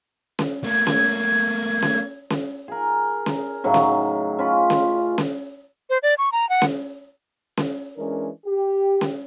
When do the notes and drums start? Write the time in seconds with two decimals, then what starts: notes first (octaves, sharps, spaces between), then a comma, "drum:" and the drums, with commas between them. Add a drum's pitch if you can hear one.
0.39 drum: snare C#4
0.64 A3 A#3 G#6
0.87 drum: snare C#4
1.82 drum: snare C#4
2.30 drum: snare C#4
2.68 G#4 A#4
3.26 drum: snare C#4
3.64 A2 C#3 F#3 D#4
3.74 drum: snare C#4
4.38 C#4 F4 B5
4.70 drum: snare C#4
5.18 drum: snare C#4
5.90 C5
6.03 D5
6.18 C#6
6.32 A#5
6.49 F#5
6.62 drum: snare C#4
7.57 drum: snare C#4
7.97 E3 G#3 C#4 D4 A#4
8.46 G4
9.01 drum: snare C#4